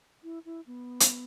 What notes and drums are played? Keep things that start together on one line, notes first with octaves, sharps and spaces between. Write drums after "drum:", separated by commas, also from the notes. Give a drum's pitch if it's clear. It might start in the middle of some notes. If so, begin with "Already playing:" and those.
E4
E4
B3
drum: hi-hat